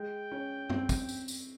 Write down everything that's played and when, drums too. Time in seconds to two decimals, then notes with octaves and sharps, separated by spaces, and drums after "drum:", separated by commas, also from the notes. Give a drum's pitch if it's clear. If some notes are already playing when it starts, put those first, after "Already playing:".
Already playing: G#3 G5
0.32 C#4
0.70 C4, drum: tom F#2
0.89 drum: kick, tambourine
1.09 drum: tambourine
1.28 drum: tambourine